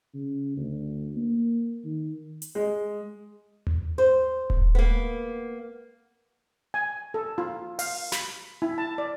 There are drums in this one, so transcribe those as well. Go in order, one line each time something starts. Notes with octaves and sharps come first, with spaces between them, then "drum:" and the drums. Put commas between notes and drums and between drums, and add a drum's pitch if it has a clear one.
C#3
D2
A#3
D#3
drum: hi-hat
G#3
drum: tom D#2
C5
drum: kick D#1
A#3 B3
G#5
A4
F4
F5, drum: open hi-hat
B5, drum: snare
E4
A5
D5